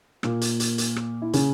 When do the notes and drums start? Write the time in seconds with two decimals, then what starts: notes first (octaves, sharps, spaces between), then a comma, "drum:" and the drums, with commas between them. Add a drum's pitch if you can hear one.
0.23 A#2 A#3, drum: rim click
0.41 drum: hi-hat
0.60 drum: hi-hat
0.78 drum: hi-hat
0.96 drum: rim click
1.22 E4
1.33 C#3 C#4, drum: hi-hat